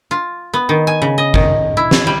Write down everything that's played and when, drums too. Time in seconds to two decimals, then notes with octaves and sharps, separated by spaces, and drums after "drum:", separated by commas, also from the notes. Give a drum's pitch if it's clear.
0.11 F4
0.54 B3
0.69 D#3
0.87 G#5
1.02 C#3
1.18 D#5
1.34 D#3, drum: kick
1.77 E4
1.91 drum: snare
2.07 G3